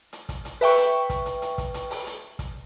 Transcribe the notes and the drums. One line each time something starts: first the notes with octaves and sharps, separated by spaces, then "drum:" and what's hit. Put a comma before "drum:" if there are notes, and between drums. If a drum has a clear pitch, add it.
drum: hi-hat
drum: kick, hi-hat
drum: hi-hat
B4 E5 G5 C#6, drum: open hi-hat
drum: hi-hat
drum: kick, hi-hat
drum: hi-hat
drum: hi-hat
drum: kick, hi-hat
drum: hi-hat
drum: open hi-hat
drum: hi-hat
drum: kick, hi-hat